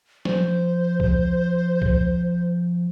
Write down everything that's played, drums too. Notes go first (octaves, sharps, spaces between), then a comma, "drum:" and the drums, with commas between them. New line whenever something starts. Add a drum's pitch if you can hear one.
F3 C5, drum: snare
drum: kick C2
drum: kick C2